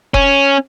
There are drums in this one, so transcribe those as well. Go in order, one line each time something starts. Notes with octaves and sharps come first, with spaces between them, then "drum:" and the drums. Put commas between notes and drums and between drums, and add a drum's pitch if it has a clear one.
C#4, drum: kick F1